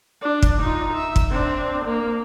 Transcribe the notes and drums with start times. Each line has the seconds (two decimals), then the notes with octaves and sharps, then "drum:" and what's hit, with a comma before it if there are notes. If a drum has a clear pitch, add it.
0.21 D4
0.43 drum: kick
0.61 D#4 F4
0.94 E5
1.16 drum: kick
1.31 C4 D4
1.85 A#3